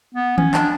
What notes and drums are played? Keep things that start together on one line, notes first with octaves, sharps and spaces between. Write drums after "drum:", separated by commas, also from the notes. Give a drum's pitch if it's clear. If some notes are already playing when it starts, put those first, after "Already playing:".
B3
C#4, drum: tom D#3
D4, drum: clap